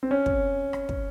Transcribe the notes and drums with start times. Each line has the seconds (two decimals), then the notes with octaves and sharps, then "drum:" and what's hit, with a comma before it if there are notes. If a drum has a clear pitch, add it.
0.03 C4
0.11 C#4
0.26 drum: kick
0.73 drum: rim click
0.89 drum: kick